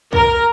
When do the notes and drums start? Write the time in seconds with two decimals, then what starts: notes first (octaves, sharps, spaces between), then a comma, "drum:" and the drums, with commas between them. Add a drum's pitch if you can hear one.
0.13 A#4, drum: kick C2